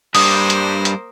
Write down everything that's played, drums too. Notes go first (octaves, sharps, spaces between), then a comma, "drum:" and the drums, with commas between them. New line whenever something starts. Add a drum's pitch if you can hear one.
G2 G3 A#3 C5 D#6, drum: open hi-hat
drum: hi-hat
drum: hi-hat